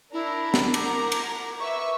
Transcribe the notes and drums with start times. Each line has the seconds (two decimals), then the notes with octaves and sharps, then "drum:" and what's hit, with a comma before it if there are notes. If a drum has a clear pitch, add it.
0.13 D4 E4 A#4 A#5
0.54 drum: snare
0.74 A#4 F#5 A#5 D6, drum: cymbal
1.12 drum: cymbal
1.59 B4 E5 C#6